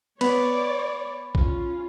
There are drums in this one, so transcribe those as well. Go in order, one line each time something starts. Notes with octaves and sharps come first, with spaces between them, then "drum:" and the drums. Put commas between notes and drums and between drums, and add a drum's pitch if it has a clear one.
B3 C#5 D5 B5, drum: cymbal
C#4 F4, drum: kick A#1